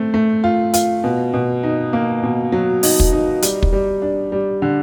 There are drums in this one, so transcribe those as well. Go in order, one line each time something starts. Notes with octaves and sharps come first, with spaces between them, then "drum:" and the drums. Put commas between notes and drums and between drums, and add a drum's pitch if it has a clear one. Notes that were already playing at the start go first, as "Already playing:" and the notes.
Already playing: A3 C4
A3
F4
F4, drum: hi-hat
B2
B2
D#4
A#3
B2
F#3
D#4, drum: open hi-hat
drum: kick
D#4
G3, drum: hi-hat
drum: kick
G3
D4
G3
D3